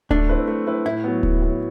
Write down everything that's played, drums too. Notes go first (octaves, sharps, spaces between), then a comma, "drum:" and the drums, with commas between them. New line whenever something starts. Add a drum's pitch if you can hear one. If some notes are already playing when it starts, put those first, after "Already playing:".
A3 D4, drum: kick D1
C4 E4 B4
A3
C4 E4 B4
A2 E4
F#3 B3
A2, drum: kick D1
F#3 B3